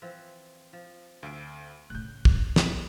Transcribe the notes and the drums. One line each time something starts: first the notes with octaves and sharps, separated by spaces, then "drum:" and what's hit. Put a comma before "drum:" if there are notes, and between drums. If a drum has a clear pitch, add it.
E3 F3 C4
F3
D2 E5 F5 D7
A2 C#3 F#6 G6
drum: kick
drum: snare